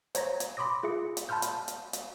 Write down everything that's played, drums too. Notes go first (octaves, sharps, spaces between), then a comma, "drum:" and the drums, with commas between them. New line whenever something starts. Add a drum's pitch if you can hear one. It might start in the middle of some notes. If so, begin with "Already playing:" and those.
C5 C#5 A#5 A#6, drum: hi-hat
drum: hi-hat
B5 C6 D6 D#6 A#6
F4 G#4 E5 C#7
drum: hi-hat
A5 B5 C6 F6 G6
drum: hi-hat
drum: hi-hat
drum: hi-hat